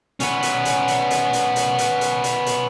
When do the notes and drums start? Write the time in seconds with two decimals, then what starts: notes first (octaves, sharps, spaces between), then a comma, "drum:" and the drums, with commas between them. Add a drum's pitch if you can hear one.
0.20 B3 C#4, drum: hi-hat
0.43 drum: hi-hat
0.65 drum: hi-hat
0.88 drum: hi-hat
1.11 drum: hi-hat
1.33 drum: hi-hat
1.56 drum: hi-hat
1.78 drum: hi-hat
2.01 drum: hi-hat
2.24 drum: hi-hat
2.46 drum: hi-hat